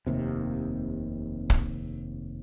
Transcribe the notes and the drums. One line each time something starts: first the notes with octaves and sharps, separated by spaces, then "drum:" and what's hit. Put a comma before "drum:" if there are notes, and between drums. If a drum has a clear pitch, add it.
F1 D#2 C3
drum: kick